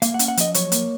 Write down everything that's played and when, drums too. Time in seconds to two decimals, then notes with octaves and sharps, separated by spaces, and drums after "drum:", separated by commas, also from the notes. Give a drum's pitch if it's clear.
0.02 A#3 F5, drum: hi-hat
0.14 F#5
0.19 C#4, drum: hi-hat
0.28 F#5
0.37 F3 D#5, drum: hi-hat
0.54 F#3 C#5, drum: hi-hat
0.72 A#3, drum: hi-hat